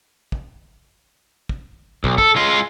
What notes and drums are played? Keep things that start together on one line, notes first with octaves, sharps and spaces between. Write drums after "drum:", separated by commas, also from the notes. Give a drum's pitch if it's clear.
drum: kick
drum: kick
B1, drum: kick
A4, drum: kick
G#3 F4